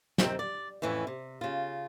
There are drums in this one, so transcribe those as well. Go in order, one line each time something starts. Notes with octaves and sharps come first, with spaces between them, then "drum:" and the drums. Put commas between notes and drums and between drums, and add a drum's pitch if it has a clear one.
C3 D#3 C4, drum: snare
D5
F2 A2 E3 C#4 E4
C3
C#3 F4